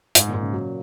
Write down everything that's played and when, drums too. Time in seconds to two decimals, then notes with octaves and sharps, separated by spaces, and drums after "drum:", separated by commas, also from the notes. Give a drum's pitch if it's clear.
0.15 G#2, drum: hi-hat
0.28 A#2
0.34 G#2
0.41 C#3
0.53 F#3